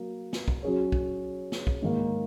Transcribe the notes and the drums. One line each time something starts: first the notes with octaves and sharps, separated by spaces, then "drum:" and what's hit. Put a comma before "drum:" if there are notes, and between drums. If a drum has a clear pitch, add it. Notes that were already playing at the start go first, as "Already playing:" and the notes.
Already playing: F#3 A#3
drum: snare A#3
drum: kick
F#3 C#4 G#4 C#5
drum: kick
drum: snare A#3
drum: kick
G#2 D#3 A#3